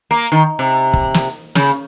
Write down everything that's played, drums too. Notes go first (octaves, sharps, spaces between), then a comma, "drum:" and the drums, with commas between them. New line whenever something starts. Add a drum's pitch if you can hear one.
A#3
D#3
C3
drum: kick
drum: snare
C#3, drum: snare